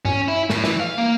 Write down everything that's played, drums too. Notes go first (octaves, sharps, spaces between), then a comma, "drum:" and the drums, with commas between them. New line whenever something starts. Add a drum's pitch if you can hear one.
C#4, drum: tom G2
E4
A2, drum: snare
E3, drum: snare
F5
A#3